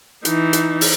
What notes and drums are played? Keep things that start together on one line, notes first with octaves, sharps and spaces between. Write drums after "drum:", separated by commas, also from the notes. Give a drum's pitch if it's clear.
E3 D#4, drum: hi-hat
drum: hi-hat
drum: open hi-hat